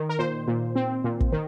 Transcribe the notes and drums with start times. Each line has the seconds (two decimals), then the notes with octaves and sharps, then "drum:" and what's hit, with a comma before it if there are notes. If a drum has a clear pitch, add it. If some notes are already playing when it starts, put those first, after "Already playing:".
Already playing: D#3
0.09 A#4
0.19 A#2 C5
0.48 A#2
0.76 C4
1.04 A#2
1.20 drum: kick
1.33 D#3